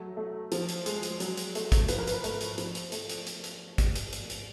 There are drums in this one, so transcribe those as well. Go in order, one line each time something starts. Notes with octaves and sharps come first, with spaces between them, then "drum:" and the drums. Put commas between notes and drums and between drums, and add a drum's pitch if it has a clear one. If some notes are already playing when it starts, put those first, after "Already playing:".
Already playing: F#3 A3
A3
F3, drum: hi-hat
drum: hi-hat
G#3, drum: hi-hat
drum: hi-hat
F#3, drum: hi-hat
drum: hi-hat
A3, drum: hi-hat
drum: kick, hi-hat
F3 B4, drum: hi-hat
A#4
B4, drum: hi-hat
A3, drum: hi-hat
drum: hi-hat
F3, drum: hi-hat
drum: hi-hat
A3, drum: hi-hat
drum: hi-hat
drum: hi-hat
drum: hi-hat
drum: kick, hi-hat
drum: hi-hat
drum: hi-hat
drum: hi-hat